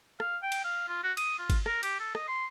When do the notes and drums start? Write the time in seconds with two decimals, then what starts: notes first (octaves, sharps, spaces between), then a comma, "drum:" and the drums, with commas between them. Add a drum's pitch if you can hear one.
0.20 F5, drum: rim click
0.43 G5
0.52 drum: cymbal
0.64 F5
0.88 F4
1.04 F#4
1.17 D#6, drum: cymbal
1.38 F4
1.50 drum: kick, cymbal
1.66 A#4, drum: rim click
1.83 G4, drum: cymbal
2.00 A4
2.15 D#5, drum: rim click
2.28 C6